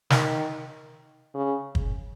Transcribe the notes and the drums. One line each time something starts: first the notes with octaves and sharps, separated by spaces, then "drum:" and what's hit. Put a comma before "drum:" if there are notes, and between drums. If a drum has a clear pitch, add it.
D#3, drum: snare
C#3
drum: kick